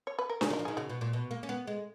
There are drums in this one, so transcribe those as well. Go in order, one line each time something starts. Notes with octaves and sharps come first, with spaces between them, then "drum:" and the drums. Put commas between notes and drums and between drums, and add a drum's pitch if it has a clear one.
C#5
B4
A#4
C#3 G#4, drum: snare D4
D#3 A#4
F3
D#3 G#4
C#3 F#4
B2
A#2
B2
A#3
C#4
B3
G#3